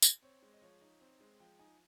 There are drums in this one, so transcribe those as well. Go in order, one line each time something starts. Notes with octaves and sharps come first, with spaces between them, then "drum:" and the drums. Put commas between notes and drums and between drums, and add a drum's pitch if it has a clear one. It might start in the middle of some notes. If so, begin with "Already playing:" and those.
drum: tambourine
C4 C#5
G#3
D#5
F3 C#5
D#4
C4
G#3
F3 G5
D#4 G#5